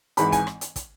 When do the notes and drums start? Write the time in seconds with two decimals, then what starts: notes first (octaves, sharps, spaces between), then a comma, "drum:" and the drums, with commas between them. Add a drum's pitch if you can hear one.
0.17 G#1 G#2 E3 B5, drum: hi-hat
0.32 G#5, drum: kick, hi-hat
0.47 drum: rim click
0.61 drum: hi-hat
0.76 drum: kick, hi-hat